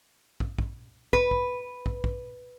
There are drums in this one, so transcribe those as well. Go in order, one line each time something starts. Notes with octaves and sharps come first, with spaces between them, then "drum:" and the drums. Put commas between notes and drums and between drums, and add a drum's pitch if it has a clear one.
drum: kick
drum: kick
B4, drum: kick
drum: kick
drum: kick
drum: kick